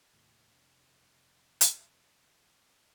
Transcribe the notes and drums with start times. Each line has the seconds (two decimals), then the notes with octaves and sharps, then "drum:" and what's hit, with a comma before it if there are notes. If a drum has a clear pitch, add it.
0.14 D#2 A2 C3
0.51 F1 C3 D4
1.61 drum: hi-hat